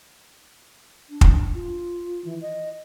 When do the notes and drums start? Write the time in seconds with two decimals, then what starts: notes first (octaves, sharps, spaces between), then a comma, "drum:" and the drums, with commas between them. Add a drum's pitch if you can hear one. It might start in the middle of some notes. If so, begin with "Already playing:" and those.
1.10 D4
1.21 drum: kick
1.54 F4
2.25 E3
2.41 D#5